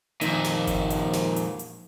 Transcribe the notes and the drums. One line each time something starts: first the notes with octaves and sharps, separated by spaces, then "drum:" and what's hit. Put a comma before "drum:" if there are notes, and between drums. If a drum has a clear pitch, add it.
F2 A#2 D#3, drum: hi-hat
drum: snare
drum: kick G1, hi-hat
drum: hi-hat
drum: snare
drum: hi-hat
drum: hi-hat